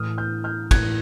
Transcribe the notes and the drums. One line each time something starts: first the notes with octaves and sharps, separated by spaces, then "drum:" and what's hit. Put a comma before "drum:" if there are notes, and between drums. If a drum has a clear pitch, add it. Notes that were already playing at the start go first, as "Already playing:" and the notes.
Already playing: A2 E3 D#6 F6
F6 G6
F6 G6
A2 E3 F#6 G#6, drum: kick, cymbal